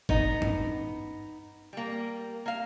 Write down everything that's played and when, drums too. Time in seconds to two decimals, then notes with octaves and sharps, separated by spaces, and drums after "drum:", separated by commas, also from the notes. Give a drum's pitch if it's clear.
0.09 B3 D#4, drum: kick
0.42 drum: tom G2
1.73 G3 A#3
2.46 A#3 F5